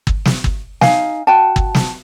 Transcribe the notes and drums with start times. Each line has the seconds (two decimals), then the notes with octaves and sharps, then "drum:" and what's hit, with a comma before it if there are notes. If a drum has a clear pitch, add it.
0.07 drum: kick
0.25 drum: snare
0.44 drum: kick
0.81 D#4 F5 G#5, drum: snare
1.27 F#4 G5 A5
1.56 drum: kick
1.75 drum: snare